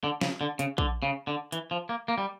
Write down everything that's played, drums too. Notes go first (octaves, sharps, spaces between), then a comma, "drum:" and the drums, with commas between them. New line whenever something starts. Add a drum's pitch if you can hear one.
D3
C#3, drum: snare
D3
C#3, drum: hi-hat
D3, drum: kick A#1
C#3
D3
E3, drum: hi-hat
F3
A#3
A#3
G3